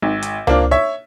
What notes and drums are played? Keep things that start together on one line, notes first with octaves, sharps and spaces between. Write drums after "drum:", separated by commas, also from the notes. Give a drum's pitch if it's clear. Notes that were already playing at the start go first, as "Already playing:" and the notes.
G#1
drum: hi-hat
A#3 C4 D4 F4, drum: tom C#2
C#5 E5